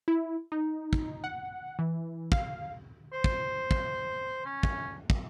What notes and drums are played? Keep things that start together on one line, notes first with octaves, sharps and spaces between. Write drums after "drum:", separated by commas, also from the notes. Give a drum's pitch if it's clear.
E4
D#4
drum: kick
F#5
E3
F5, drum: kick
C5
drum: kick
drum: kick
C#4
drum: kick
drum: kick